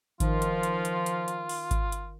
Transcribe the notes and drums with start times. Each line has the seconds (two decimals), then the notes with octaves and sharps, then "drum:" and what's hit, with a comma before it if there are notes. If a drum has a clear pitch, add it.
0.20 D#3 F3 F4, drum: kick G#1, hi-hat
0.42 drum: hi-hat
0.63 drum: hi-hat
0.85 drum: hi-hat
1.06 drum: hi-hat
1.28 drum: hi-hat
1.49 drum: open hi-hat
1.71 drum: kick G#1, hi-hat
1.92 drum: hi-hat